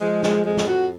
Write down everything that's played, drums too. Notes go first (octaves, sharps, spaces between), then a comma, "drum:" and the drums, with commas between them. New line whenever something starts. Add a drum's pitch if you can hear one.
F3 G#3
G#3, drum: snare
F2 G#3
drum: snare
F#4